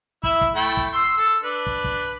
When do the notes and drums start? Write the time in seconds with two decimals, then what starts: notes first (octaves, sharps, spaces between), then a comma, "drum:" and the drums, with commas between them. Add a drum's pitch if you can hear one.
0.23 E4 E5, drum: kick
0.41 drum: kick
0.56 A3 E4 G5
0.77 drum: kick
0.94 C6 E6
1.17 A4 E6
1.44 D4 B4
1.67 drum: kick
1.84 drum: kick